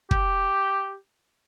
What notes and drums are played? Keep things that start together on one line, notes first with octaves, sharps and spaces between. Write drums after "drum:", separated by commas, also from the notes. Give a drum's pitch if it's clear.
G4, drum: kick